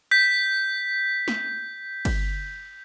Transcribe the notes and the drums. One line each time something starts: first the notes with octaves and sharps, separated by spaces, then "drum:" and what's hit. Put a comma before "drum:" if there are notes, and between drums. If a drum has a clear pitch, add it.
G6 B6
drum: snare
drum: kick G1, cymbal